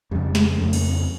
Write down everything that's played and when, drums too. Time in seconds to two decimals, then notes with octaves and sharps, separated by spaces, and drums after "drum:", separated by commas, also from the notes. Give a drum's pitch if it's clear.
0.11 F2 C#3 G3
0.35 G#3, drum: snare
0.58 F2 C#3 A3
0.73 A#3, drum: cymbal
0.89 C4